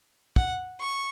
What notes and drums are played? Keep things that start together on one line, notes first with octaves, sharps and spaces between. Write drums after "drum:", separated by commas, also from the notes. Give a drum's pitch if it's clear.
F#5, drum: kick
C#6